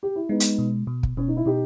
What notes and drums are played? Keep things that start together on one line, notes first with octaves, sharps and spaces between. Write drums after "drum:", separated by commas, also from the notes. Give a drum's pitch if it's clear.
G4
E4
G#3 B3 D#4
drum: hi-hat
B2
B2
drum: kick
B2 C#4
D#4
E4
B2 D#4 G4